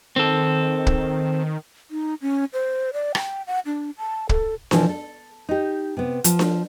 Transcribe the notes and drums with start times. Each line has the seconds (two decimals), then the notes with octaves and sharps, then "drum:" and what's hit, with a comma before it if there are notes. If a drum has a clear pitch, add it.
0.16 D#3 C4 A4
0.87 drum: kick
1.91 D#4
2.22 C#4
2.53 C5
2.93 D5
3.15 G5, drum: rim click
3.47 F#5
3.66 D4
3.98 A5
4.29 A4, drum: kick
4.71 B2 E3 F3, drum: snare D4
4.89 A4
5.49 D#4 G4
5.97 C3 B3
6.24 F3, drum: hi-hat
6.39 drum: snare D4